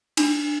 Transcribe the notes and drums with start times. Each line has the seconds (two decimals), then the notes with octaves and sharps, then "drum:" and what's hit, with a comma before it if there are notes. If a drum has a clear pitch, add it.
0.17 D4, drum: cymbal